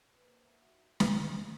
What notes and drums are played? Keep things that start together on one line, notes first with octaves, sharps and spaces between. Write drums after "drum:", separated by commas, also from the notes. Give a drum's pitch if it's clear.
B4
A#3 A#4 C5
E5 F#5
D#4 F#4 E5 F#5
F#3 F5 G5, drum: snare
A#3 D#4